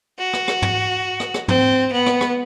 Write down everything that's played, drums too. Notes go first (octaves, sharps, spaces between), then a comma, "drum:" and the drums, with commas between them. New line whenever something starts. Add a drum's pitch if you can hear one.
F#4
drum: rim click
drum: rim click
drum: tom
drum: rim click
drum: rim click
C4, drum: tom
B3
drum: rim click
drum: rim click